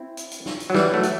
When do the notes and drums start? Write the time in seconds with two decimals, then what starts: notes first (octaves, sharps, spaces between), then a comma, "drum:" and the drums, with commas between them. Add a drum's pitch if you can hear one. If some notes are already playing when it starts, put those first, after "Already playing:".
Already playing: C4 E4
0.17 drum: hi-hat
0.31 drum: hi-hat
0.46 drum: snare
0.60 drum: hi-hat
0.70 F#3
0.75 E3 G3, drum: snare
0.94 F#3 A3
1.03 drum: hi-hat